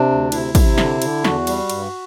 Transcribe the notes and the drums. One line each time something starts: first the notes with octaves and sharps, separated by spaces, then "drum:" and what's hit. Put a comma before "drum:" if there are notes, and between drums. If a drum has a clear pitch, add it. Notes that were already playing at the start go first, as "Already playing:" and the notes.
Already playing: C3 D4
D2
C3 E4, drum: cymbal
C3, drum: kick, cymbal
D3, drum: snare
D3, drum: cymbal
E2 F#4, drum: snare
G3, drum: cymbal
G2, drum: cymbal